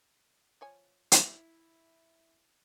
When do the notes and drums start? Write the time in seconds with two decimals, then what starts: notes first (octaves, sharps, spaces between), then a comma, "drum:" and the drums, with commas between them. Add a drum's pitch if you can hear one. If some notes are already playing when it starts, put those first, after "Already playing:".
0.61 F3 C#5 G#5
1.12 E4, drum: hi-hat